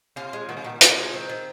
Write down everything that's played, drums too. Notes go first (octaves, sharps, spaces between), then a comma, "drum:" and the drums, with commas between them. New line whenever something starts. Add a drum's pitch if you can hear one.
C3 F4
G#3
A#2 D#3
C3
A#2 D#3
C3 F4, drum: hi-hat
G#3
D#3 C4
D#3